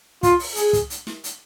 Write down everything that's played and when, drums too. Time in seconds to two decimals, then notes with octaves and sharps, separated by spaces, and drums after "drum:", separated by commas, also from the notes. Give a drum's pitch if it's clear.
0.23 F4, drum: kick, hi-hat
0.39 drum: open hi-hat
0.56 G#4, drum: hi-hat
0.73 drum: kick, hi-hat
0.90 drum: hi-hat
1.07 drum: snare
1.24 drum: hi-hat